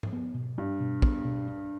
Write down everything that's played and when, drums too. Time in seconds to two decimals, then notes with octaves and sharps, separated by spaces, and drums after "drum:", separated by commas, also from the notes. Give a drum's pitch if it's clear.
0.03 drum: tom G#2
0.13 B3
0.34 B2
0.58 G2 D4
0.80 B2
1.02 B3, drum: kick
1.25 B2
1.48 D4